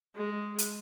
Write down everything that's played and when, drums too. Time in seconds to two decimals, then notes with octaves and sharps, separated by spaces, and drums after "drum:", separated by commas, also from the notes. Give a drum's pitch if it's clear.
0.16 G#3
0.58 drum: hi-hat